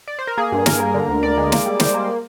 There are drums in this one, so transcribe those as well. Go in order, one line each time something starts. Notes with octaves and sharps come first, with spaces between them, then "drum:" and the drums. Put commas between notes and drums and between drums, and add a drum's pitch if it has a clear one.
D5
C5
A#4
A#3 G#4
G2
G2 A#4, drum: snare
A#3
D3
D2
D2 D5
G#3
A#3, drum: snare
G3
G3 C5, drum: snare
A#3